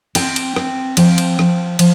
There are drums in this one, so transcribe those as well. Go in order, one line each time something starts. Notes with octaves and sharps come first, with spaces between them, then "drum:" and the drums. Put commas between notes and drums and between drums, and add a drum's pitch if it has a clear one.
C4 G5, drum: cymbal
drum: cymbal
C4, drum: rim click
F3 G5, drum: cymbal
drum: cymbal
F3, drum: rim click
F3, drum: cymbal